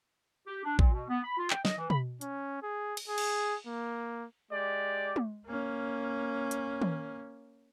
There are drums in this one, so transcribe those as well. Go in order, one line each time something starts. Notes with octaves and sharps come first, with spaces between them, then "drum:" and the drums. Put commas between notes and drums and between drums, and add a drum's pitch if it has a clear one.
G4
D4
A#2, drum: kick
B2
B3
B5
F4
G5, drum: clap
D#5, drum: snare
E3
B5, drum: tom B2
C#4, drum: hi-hat
G#4
drum: cymbal
G#4
drum: cymbal
A#3
G#3 G4 D5
drum: tom G#3
A#3 C#4
drum: hi-hat
drum: tom D#3